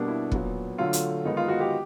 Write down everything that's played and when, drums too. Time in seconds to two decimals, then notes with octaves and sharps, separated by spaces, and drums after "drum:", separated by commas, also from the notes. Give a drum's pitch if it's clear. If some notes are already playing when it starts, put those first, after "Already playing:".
Already playing: B2 G3 A#3 D4
0.08 E4
0.32 A#2 F#3 B3, drum: kick
0.78 D3 F#3 A3 F4
0.93 drum: hi-hat
1.25 D#3 G#3 B3 D#4
1.37 F4
1.48 F#4
1.60 G4